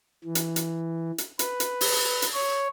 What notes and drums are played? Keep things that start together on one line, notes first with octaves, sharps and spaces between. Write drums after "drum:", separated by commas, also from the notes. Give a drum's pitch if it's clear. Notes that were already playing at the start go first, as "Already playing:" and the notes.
E3
drum: hi-hat
drum: hi-hat
drum: hi-hat
B4, drum: hi-hat
drum: hi-hat
drum: open hi-hat
drum: hi-hat
C#5